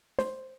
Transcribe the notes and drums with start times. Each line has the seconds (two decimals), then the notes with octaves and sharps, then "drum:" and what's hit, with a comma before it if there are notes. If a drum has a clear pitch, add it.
0.19 C5, drum: snare